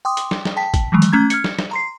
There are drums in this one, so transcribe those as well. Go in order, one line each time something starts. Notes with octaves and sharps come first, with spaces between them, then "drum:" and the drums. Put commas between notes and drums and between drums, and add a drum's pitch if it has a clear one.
G5 C6 D6 D#6
drum: hi-hat
drum: snare
drum: snare
G5 A5 B6
drum: kick, hi-hat
D#3 E3 F#3 G#3
drum: hi-hat
A3 C#4 A#5 G#6
F6 G#6 C#7, drum: hi-hat
drum: snare
drum: snare
A#5 C6 C7